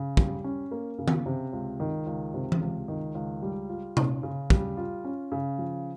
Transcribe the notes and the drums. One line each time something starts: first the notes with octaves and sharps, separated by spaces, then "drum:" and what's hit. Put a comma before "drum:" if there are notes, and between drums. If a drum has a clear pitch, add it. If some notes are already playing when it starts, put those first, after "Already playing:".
Already playing: C#3
G3, drum: kick
C#4
A#3
C#3
drum: tom D#3
C3
C#2
D#3
C#2
C3
drum: tom E3
C#2
D#3
C#2
G3
F4
C#4, drum: tom C3
C#3
G3, drum: kick
F4
C#4
C#3
F3